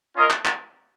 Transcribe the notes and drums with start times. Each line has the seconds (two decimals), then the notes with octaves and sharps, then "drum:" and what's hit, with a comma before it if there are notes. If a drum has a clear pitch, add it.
0.16 C#4 F4 A#4 D#5
0.30 drum: clap
0.45 drum: clap